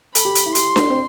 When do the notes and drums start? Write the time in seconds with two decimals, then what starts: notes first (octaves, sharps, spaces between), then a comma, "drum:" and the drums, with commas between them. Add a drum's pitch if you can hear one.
0.15 A4 B5, drum: hi-hat
0.25 G4
0.35 drum: hi-hat
0.46 E4
0.55 G4 C6, drum: hi-hat
0.76 drum: snare D4
0.90 C4